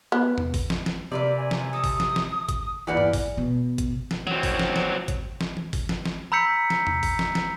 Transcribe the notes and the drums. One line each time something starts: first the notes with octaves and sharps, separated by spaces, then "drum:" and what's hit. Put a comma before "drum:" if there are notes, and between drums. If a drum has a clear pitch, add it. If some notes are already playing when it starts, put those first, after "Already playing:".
B3
drum: tom E2
drum: kick, open hi-hat
drum: snare
drum: snare
C3 A#3 B4 D5
G#5
drum: snare
A4 D#6
drum: kick, open hi-hat
drum: snare
drum: snare
drum: kick, hi-hat
E2 E3 G3 A#3 D5 F#5
drum: tom G2
drum: kick, open hi-hat
B2
drum: kick, hi-hat
drum: snare
F#3 C4, drum: tom E3
drum: kick, open hi-hat
drum: snare
drum: snare
drum: kick, hi-hat
drum: snare
drum: tom E3
drum: kick, open hi-hat
drum: snare
drum: snare
A#5 B5 E6 G6 B6 C#7
drum: snare
drum: tom E2
drum: kick, open hi-hat
drum: snare
drum: snare